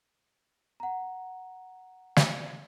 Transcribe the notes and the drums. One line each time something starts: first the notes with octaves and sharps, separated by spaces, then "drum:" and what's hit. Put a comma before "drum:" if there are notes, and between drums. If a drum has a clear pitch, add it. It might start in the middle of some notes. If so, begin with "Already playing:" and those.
F#5 A#5
drum: snare